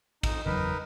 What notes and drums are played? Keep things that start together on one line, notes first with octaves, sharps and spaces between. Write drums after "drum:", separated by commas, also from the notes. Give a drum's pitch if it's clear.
F2 D#4, drum: kick, cymbal
F#1 E2 F#3 D#4 A#4 B4